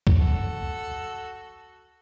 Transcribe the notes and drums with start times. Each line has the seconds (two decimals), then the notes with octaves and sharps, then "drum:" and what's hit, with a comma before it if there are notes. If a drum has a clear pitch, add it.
0.07 drum: kick
0.17 F#4 A4